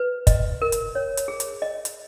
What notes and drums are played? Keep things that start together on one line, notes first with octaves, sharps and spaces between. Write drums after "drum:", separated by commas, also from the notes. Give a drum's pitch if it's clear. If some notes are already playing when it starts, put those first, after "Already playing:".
Already playing: B4
D#5, drum: kick, hi-hat
A#4
drum: hi-hat
C#5
drum: hi-hat
G#4
drum: hi-hat
D#5
drum: hi-hat